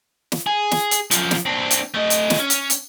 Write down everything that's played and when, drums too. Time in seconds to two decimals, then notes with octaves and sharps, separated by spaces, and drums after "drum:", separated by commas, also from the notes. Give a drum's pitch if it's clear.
0.32 drum: snare
0.47 G#4
0.71 drum: snare
0.91 drum: hi-hat
1.11 F#2 F3, drum: hi-hat
1.31 drum: snare
1.46 C4 D4
1.71 drum: hi-hat
1.95 A3 D#5
2.10 drum: hi-hat
2.30 drum: snare
2.39 C#4
2.50 drum: hi-hat
2.70 drum: hi-hat